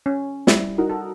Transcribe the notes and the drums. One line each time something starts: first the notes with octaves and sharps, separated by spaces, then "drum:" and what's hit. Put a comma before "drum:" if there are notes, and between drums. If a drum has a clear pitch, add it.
C#4
G3 E4, drum: snare
D#4 F#4 A#4
A4